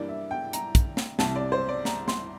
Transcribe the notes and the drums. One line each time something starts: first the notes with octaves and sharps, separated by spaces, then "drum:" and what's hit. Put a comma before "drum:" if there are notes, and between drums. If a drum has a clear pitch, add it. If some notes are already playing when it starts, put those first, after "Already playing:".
Already playing: G2 E3 G3 A#3 D5
E5
G5
A#5, drum: hi-hat
drum: kick, hi-hat
drum: snare
C2 C3 E3 A5, drum: snare
D5
C5
D5
A#5, drum: snare
C6, drum: snare